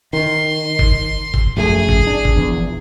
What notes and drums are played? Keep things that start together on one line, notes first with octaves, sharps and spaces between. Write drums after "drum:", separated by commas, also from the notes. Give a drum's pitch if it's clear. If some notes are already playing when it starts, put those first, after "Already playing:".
D#3 C6
drum: kick F#1
drum: kick F#1
A#1 F#2 A3 G#4
drum: kick F#1
D4
drum: kick F#1
A#1 E2